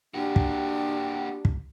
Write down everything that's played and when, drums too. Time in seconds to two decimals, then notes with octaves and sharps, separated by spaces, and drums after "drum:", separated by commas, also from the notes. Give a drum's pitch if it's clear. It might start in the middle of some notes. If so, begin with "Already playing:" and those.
0.14 A#3 D4 F#4 G4 G5
0.36 drum: kick
1.45 drum: kick